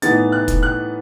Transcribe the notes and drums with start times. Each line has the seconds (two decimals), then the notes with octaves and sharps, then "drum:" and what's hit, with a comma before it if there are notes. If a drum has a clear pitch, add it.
0.02 A2 E3 B3 D#4 A6, drum: hi-hat
0.32 F#6
0.48 drum: kick, hi-hat
0.63 F#6